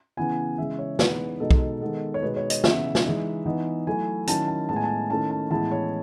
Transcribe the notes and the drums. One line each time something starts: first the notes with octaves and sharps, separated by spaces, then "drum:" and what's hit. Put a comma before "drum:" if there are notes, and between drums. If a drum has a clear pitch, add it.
C#3 E3 B3 E4 G#5
C#3 E3 G#3 E5
C#5
E3 G#3 B3 D#4 B4, drum: snare
B2 G#3 D#4 A4
drum: kick B1
D#3 G#3 B3 A4
C#5
B2 G#3 D#4 B4
C#5
D#5, drum: hi-hat
C#3 E3 B3 E5, drum: snare
drum: snare
E3 G#3 D#4
E3 B3 D#4
F#3 A3 E4 G#5
D#3 F#3 C#4 E4 A5, drum: hi-hat
A5
A2 G#3 B3 A5
G#5
A5
D#3 A3 C#4 E4 A5
A5
A2 E3 G#3 B3 E4 A5
C#5